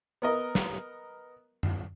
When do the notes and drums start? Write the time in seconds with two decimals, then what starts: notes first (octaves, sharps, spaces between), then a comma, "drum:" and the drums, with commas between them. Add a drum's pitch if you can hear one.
0.22 B3 A#4 D#5
0.55 drum: snare
1.63 drum: tom F#2